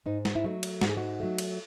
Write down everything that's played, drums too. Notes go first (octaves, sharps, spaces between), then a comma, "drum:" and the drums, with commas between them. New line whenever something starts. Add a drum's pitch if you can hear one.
G#2 D#4
drum: snare
E4
F#3 A3 D#4
drum: cymbal
G#2 F#4, drum: snare
G#4
D#4 F#4
F#3 A3
drum: cymbal